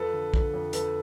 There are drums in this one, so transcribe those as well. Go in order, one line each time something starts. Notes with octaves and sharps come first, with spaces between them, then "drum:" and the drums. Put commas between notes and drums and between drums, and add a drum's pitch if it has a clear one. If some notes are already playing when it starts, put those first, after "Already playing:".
Already playing: F2 A4 B4
D3
D3, drum: kick
F2
D3 A4 B4, drum: hi-hat